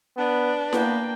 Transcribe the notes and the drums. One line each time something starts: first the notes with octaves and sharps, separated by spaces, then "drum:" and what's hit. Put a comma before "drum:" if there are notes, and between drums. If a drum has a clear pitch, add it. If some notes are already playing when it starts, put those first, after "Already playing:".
B3 D4 B4
A#3 B3 G5, drum: snare E4